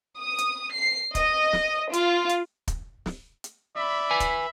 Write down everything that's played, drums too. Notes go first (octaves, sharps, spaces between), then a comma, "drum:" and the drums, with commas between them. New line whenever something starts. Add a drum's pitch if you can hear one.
D#6
drum: hi-hat
C7
D#5, drum: kick, hi-hat
drum: snare
F4, drum: hi-hat
drum: hi-hat
drum: kick, hi-hat
drum: snare
drum: hi-hat
D5 E5 B5
B4 G#5
drum: kick, hi-hat